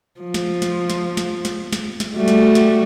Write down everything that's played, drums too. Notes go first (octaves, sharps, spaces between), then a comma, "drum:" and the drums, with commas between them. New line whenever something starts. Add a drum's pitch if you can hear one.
F3
drum: snare
drum: snare
drum: snare
drum: snare
drum: snare
drum: snare
drum: snare
G3 A3 F#4
drum: snare
drum: snare